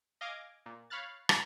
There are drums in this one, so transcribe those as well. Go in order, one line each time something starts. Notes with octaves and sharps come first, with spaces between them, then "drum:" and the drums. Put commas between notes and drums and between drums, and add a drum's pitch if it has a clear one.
D#5 F5 G#5 D6 G#6 A#6
A#2
C#5 F5 B5 F6 F#6 A6
drum: rim click